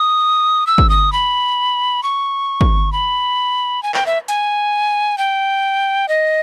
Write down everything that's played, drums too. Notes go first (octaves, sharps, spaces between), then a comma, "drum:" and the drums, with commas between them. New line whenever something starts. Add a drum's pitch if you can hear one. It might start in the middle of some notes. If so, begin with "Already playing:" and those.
Already playing: D#6
E6
drum: kick
D#6
B5
C#6
drum: kick
B5
G#5
G5, drum: clap
E5
G#5, drum: hi-hat
G5
D#5